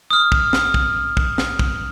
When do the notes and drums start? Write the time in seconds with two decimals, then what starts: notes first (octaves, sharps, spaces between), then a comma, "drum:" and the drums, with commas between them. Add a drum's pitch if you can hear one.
0.11 D#6 F6
0.32 drum: kick
0.53 drum: snare
0.74 drum: kick
1.17 drum: kick
1.38 drum: snare
1.59 drum: kick